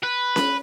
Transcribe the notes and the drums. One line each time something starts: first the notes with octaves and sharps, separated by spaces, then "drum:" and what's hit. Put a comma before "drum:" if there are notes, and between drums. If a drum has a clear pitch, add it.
B4
drum: snare C#4